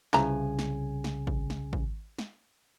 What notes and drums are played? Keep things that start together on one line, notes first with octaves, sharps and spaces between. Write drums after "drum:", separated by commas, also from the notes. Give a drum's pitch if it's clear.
C2 C#3 E3 F3 G#5 A#5, drum: snare
drum: snare
drum: snare
drum: kick G#1
drum: snare
drum: kick G#1
drum: snare